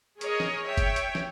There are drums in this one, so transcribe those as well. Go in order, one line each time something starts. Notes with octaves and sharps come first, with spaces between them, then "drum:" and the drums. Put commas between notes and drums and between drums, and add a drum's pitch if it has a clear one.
G#4 A#4 C#5 D#5, drum: hi-hat
drum: snare
C#5 E5 G5
drum: kick G1, hi-hat
drum: hi-hat
drum: snare